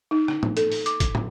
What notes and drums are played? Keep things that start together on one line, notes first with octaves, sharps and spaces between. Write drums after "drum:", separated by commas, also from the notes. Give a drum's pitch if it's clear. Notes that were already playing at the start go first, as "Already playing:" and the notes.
D#4
drum: rim click
drum: tom
A4, drum: hi-hat
drum: open hi-hat
D6, drum: hi-hat
drum: kick, hi-hat
drum: tom